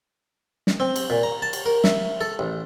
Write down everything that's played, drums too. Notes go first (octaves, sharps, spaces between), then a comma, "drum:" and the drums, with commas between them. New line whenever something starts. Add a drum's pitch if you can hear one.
drum: snare
C4
drum: cymbal
A#2
A#5
A5
drum: cymbal
A#4
E5, drum: snare
A4
A1